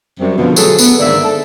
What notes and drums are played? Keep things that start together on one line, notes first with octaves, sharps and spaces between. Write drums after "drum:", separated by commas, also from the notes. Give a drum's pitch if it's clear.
F#2 C3 G3
B2 D3 F3
F#3 A3 G#4 A4, drum: tambourine
B3, drum: tambourine
G#2 D3 D#3 A#3 D5 E5
A4